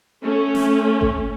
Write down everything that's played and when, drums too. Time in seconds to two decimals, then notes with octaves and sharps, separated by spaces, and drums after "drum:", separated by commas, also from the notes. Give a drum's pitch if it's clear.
0.24 A3 C#4
0.55 drum: snare
1.01 drum: kick G1